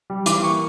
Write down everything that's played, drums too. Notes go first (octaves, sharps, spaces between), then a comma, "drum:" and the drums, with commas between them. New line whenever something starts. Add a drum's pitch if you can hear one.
G3
E3 D6, drum: hi-hat
A#3 C#6